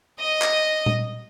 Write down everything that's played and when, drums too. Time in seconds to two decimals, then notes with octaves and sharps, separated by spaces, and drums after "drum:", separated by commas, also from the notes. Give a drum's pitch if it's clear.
0.20 D#5
0.42 drum: clap
0.86 drum: tom A#2